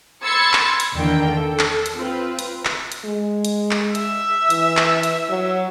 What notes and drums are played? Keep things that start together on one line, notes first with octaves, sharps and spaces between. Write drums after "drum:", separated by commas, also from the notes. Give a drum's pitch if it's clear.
B5 C6 E6 G#6 A6 C#7
drum: clap
drum: hi-hat
E2 D3 D#3 A#3 E4 G5
A4
drum: clap
drum: hi-hat
C4 F4 B4
drum: hi-hat
drum: clap
drum: hi-hat
G#3
drum: hi-hat
drum: clap
E5 E6, drum: hi-hat
E3, drum: hi-hat
drum: clap
drum: hi-hat
F#3